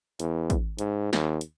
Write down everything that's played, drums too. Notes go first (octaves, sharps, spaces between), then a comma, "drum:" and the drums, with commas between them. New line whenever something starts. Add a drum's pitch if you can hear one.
E2, drum: hi-hat
drum: kick, hi-hat
G#2, drum: hi-hat
D#2, drum: snare
drum: hi-hat